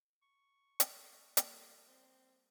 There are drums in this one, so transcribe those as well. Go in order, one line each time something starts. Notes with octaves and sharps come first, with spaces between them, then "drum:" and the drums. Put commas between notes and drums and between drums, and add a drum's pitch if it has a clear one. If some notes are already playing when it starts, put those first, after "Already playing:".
C#6
drum: hi-hat
G3 A#3, drum: hi-hat
C4